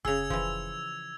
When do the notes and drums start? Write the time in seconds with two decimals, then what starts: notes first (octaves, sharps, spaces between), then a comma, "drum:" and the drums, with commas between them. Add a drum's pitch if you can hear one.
0.05 C#3 G#4 E6 G#6 F7, drum: kick F1
0.30 E3 F3, drum: kick F1